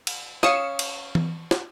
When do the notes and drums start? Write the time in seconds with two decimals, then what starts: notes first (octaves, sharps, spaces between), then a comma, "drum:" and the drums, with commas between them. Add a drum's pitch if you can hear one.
0.07 drum: cymbal
0.43 C#4 F5 D#6 C#7 E7, drum: snare
0.79 drum: cymbal
1.15 drum: tom E3
1.51 drum: snare